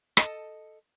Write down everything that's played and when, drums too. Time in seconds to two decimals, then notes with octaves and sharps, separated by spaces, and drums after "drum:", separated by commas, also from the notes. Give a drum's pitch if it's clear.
0.17 A4 D#5 A5, drum: rim click